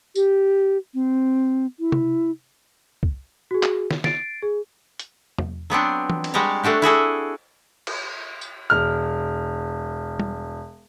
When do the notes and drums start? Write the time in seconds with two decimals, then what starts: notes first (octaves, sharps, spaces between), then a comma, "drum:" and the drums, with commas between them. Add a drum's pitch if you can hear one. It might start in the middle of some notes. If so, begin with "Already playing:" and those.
0.15 G4, drum: tambourine
0.94 C4
1.80 E4
1.92 drum: tom C3
3.03 drum: kick C2
3.51 F#4 G#4
3.63 drum: clap
3.91 drum: snare
4.04 A6 C7 D7, drum: snare
4.42 G#4
4.99 drum: hi-hat
5.39 drum: tom E2
5.70 F#3 B3 C4 D4
6.10 drum: tom E3
6.24 drum: cymbal
6.34 G3 G#3 F#4 G4 A#5
6.63 A3 D4 F#4 G4
6.82 E4 F#4 G#4 A4
7.87 drum: cymbal
8.41 drum: tambourine
8.70 E1 F6
10.20 drum: tom